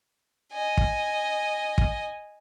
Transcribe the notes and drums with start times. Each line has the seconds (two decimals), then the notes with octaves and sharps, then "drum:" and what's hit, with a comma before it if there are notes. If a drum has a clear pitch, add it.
0.52 D#5 G#5
0.77 drum: kick
1.78 drum: kick